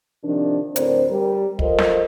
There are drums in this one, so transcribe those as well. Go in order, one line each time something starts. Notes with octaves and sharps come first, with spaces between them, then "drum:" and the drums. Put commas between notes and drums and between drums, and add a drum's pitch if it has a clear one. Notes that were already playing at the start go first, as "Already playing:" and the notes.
C3 D#3 F3 D4
D2 A2 C4 A#4 C5 D5, drum: hi-hat
G3 A#4
F3 A4 A#4 C5 D#5, drum: kick
drum: snare